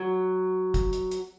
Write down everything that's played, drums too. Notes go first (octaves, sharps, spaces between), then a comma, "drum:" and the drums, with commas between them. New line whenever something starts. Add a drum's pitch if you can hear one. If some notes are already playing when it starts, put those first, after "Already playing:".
Already playing: F#3
drum: kick, hi-hat
drum: hi-hat
drum: hi-hat